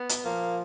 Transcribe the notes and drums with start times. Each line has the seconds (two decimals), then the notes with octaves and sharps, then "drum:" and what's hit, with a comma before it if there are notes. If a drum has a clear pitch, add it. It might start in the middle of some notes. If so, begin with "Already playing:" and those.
Already playing: B3
0.09 drum: hi-hat
0.23 A#2 F3 A#3